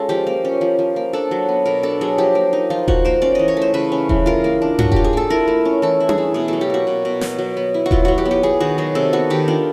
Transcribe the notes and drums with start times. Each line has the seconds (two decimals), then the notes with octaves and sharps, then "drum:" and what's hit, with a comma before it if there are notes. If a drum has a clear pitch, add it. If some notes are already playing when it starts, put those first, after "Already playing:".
Already playing: G#3 C#4 F4 A4
0.09 F3 G4
0.27 A#3
0.45 C#4
0.61 F3
0.79 F3
0.96 A#3
1.13 D4 A4
1.31 F#3
1.49 B3
1.65 B2 A#4
1.83 D4 A4
2.01 F#3 G#4
2.18 F3 G4
2.35 A#3
2.53 D#4
2.70 F3 F4
2.88 F3 F#4, drum: kick E1
3.05 A#3 C5
3.22 C#4 D5
3.35 E3 D#5
3.48 C#5
3.57 A3 C5
3.74 C#3 B4
3.92 C#4
4.09 E3, drum: kick E1
4.26 F4 A#4
4.44 A#3
4.62 D4
4.79 F#3 F#4, drum: tom G2
4.92 F4 G4, drum: kick E1
5.04 G#4
5.13 A#3 A4
5.30 E4 A#4
5.48 A3
5.65 C#4
5.82 E3 A4
6.00 E4
6.09 G#4, drum: tom D4
6.18 A3
6.34 B2 G#4
6.48 F#3 A4
6.61 G4
6.70 A#3 F#4
6.87 B2
7.05 B2
7.21 F#3, drum: snare
7.39 F#3
7.57 B3
7.74 E4
7.86 F#4
7.91 F#3 F4, drum: kick E1
8.05 F#3 F#4
8.18 G4
8.25 B3
8.31 G4
8.43 B3 G#4
8.60 D#3 F#4
8.78 F#3 G#4
8.95 C3 A4
9.13 B3 F#4
9.30 D#3 G4
9.48 D4 F4